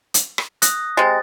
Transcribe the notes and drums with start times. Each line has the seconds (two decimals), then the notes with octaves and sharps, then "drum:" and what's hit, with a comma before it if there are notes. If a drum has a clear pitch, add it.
0.14 drum: hi-hat
0.38 drum: rim click
0.62 D#6 F#6 A#6, drum: hi-hat
0.97 C3 G#3 A6